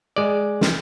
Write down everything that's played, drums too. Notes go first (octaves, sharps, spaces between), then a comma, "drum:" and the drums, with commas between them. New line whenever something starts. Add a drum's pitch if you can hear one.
G#3 D5
drum: snare